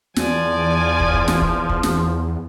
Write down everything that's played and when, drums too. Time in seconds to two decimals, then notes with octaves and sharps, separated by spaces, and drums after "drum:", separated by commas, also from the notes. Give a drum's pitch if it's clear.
0.16 E2 F3 D5 G#5, drum: snare
1.00 drum: kick
1.14 drum: kick
1.28 drum: snare
1.42 drum: kick
1.69 drum: kick
1.83 drum: snare